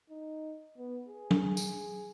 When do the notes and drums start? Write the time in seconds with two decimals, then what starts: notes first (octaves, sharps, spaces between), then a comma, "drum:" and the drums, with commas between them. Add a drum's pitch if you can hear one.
0.10 D#4
0.78 B3
1.09 G#4
1.31 drum: tom F#3
1.57 drum: tambourine